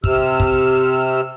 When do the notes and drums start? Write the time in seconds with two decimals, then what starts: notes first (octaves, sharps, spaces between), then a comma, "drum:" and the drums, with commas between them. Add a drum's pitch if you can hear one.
0.04 C3 E6 F6, drum: kick
0.40 drum: kick